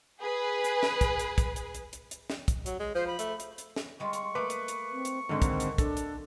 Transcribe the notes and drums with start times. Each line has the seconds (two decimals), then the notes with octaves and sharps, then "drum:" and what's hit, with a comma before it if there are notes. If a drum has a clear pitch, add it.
0.21 G#4 B4
0.64 drum: hi-hat
0.83 drum: snare
1.01 drum: kick, hi-hat
1.19 drum: hi-hat
1.38 drum: kick, hi-hat
1.56 drum: hi-hat
1.74 drum: hi-hat
1.93 drum: hi-hat
2.11 drum: hi-hat
2.30 drum: snare
2.48 drum: kick, hi-hat
2.66 F#3, drum: hi-hat
2.80 G#3
2.95 F3 C5
3.07 B5
3.19 A3, drum: hi-hat
3.40 drum: hi-hat
3.58 drum: hi-hat
3.76 drum: snare
4.00 G3 G#3 F4 C#6
4.13 drum: hi-hat
4.35 A3 A#3 B4 D6
4.50 drum: hi-hat
4.68 drum: hi-hat
4.92 C4
5.05 drum: hi-hat
5.29 G#2 D3 D#3 G#3 A#3 C4
5.42 drum: kick, hi-hat
5.60 drum: hi-hat
5.78 D4 A4, drum: kick, hi-hat
5.97 drum: hi-hat